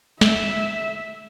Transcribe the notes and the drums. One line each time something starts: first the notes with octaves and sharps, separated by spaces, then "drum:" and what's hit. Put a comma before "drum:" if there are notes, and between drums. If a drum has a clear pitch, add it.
E5, drum: snare